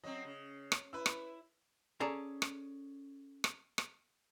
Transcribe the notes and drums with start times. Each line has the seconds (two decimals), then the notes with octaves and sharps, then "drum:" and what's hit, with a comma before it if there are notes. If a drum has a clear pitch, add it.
0.04 F#3 C4 D#5
0.25 C#3
0.72 drum: rim click
0.93 E4 B4 E6
1.06 drum: rim click
2.00 C#4 G#4 A4 D5 A#5
2.42 drum: rim click
3.44 drum: rim click
3.78 drum: rim click